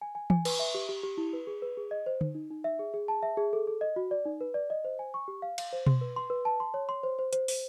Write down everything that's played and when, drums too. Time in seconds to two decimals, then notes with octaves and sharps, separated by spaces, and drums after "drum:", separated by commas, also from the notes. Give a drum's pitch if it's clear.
0.01 G#5
0.15 G#5
0.30 G#5, drum: tom E3
0.45 B4, drum: cymbal
0.59 E5
0.75 G4
0.89 G4
1.03 G4
1.18 E4
1.33 B4
1.47 G#4
1.62 B4
1.77 G#4
1.91 D#5
2.06 C5
2.21 D#4, drum: tom D3
2.35 D#4
2.50 D#4
2.64 E5
2.79 G#4
2.94 G#4
3.08 A5
3.23 E5
3.37 G#4
3.53 A4
3.67 A4
3.81 D#5
3.96 F#4
4.11 D5
4.25 D#4
4.41 B4
4.54 D5
4.70 D#5
4.85 C5
4.99 G#5
5.14 C#6
5.28 G4
5.42 F5
5.58 F5, drum: cymbal
5.73 C5
5.87 C6, drum: tom B2
6.01 B4
6.16 C6
6.30 B4
6.45 A5
6.60 C6
6.74 C#5
6.89 C6
7.03 C5
7.19 C5
7.33 C5, drum: hi-hat
7.48 C5, drum: open hi-hat